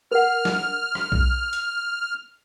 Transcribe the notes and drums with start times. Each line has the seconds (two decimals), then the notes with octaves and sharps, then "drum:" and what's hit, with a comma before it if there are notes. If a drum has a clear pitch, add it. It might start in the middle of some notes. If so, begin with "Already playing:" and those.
0.11 A#4 F#5 F6
0.45 drum: snare
0.95 drum: rim click
1.12 drum: kick B1
1.53 drum: hi-hat